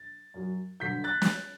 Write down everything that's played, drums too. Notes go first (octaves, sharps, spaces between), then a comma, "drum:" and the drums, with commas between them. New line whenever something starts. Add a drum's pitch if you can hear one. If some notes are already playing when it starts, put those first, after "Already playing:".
Already playing: A6
F#2 F#3
G2 D3 F#3 G6 B6
F#6 A6
drum: snare